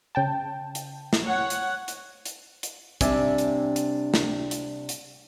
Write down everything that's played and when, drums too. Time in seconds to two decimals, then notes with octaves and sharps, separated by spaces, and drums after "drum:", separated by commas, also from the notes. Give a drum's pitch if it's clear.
0.15 C#3 G5 A5
0.75 drum: hi-hat
1.13 drum: snare
1.23 C#5 F#5
1.50 drum: hi-hat
1.88 drum: hi-hat
2.26 drum: hi-hat
2.63 drum: hi-hat
3.01 C3 G3 D4 D5 E5 G#5, drum: kick, hi-hat
3.38 drum: hi-hat
3.76 drum: hi-hat
4.14 drum: snare
4.51 drum: hi-hat
4.89 drum: hi-hat